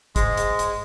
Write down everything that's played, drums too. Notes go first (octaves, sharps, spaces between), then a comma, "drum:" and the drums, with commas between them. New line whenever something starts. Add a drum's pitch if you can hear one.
G#2 G#3, drum: kick, hi-hat
drum: hi-hat
drum: hi-hat